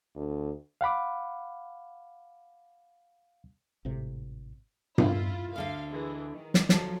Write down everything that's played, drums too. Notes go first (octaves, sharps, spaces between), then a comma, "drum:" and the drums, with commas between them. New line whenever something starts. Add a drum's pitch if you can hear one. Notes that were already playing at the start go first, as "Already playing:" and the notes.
D2
F5 F#5 B5 D6
G#1 A2 C3
E4 F4, drum: tom G2
D2 D3 A3 F5
E3 G#3
D#3
drum: snare
F3 F#3 A4, drum: snare